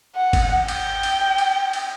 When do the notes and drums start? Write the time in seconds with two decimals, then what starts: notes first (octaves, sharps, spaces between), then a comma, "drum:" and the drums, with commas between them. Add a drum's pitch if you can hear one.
0.16 F#5
0.33 drum: kick G1, cymbal
0.68 G5, drum: cymbal
1.03 drum: cymbal
1.38 drum: cymbal
1.73 drum: cymbal